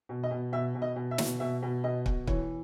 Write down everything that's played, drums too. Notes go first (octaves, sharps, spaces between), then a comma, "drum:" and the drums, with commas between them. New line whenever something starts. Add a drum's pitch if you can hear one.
B2
D#5
B2
B2 E5
B2
D#5
B2
E5
B2, drum: snare
B2 E5
B2
B2 D#5
B2, drum: kick
E3 C#5, drum: kick